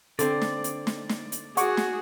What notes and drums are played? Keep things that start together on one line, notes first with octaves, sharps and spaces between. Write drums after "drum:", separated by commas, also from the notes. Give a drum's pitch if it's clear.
D3 C4 A4 D5, drum: hi-hat
drum: snare
drum: hi-hat
drum: snare
drum: snare
drum: hi-hat
F#4 G#4 F#5 C#6 D6, drum: hi-hat
drum: snare